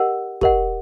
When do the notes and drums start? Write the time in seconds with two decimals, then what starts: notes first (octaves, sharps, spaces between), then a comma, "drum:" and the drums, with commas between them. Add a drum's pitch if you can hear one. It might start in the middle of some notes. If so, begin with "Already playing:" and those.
Already playing: G4 A#4 D#5 F#5 E6
0.41 G4 A#4 D#5 F#5, drum: kick